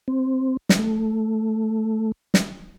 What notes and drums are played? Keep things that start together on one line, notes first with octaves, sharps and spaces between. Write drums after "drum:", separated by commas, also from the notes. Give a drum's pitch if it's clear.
C4
drum: snare
A3
drum: snare